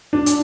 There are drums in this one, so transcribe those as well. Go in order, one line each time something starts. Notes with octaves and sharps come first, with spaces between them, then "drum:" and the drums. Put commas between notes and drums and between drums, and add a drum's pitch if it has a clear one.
D4
drum: hi-hat